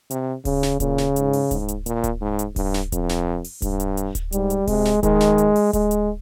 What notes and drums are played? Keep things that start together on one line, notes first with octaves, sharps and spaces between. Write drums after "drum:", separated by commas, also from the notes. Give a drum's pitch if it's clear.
C3, drum: hi-hat
C#3, drum: kick D1, open hi-hat
drum: snare
A#2 C#3, drum: kick D1, hi-hat
drum: snare
G#2, drum: hi-hat
drum: open hi-hat
G#2, drum: kick D1, hi-hat
drum: hi-hat
A#2, drum: hi-hat
drum: kick D1, hi-hat
G#2
drum: hi-hat
G2, drum: kick D1, open hi-hat
drum: snare
F2, drum: kick D1, hi-hat
drum: snare
drum: open hi-hat
G2, drum: kick D1, hi-hat
drum: hi-hat
drum: hi-hat
drum: kick D1, hi-hat
G#2 G3, drum: hi-hat
drum: hi-hat
C3 G#3, drum: kick D1, open hi-hat
drum: snare
D#3 G#3, drum: kick D1, hi-hat
drum: snare
drum: hi-hat
drum: open hi-hat
G#3, drum: kick D1, hi-hat
drum: hi-hat